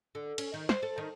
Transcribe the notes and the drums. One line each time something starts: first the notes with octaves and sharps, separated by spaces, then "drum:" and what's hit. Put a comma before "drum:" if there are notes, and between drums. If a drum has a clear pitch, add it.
D3
C#4, drum: cymbal
D#3
C5, drum: snare
A4
D#3